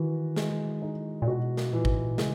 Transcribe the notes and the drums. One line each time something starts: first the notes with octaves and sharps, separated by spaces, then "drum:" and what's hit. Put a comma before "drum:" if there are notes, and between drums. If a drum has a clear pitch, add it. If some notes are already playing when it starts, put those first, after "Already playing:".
Already playing: D#3 E3 F#4
G#3, drum: snare
D#4
A#2
B2 F#4
drum: snare
A#2 E3
G#2, drum: kick G#1
A#2
C#3 G#3, drum: snare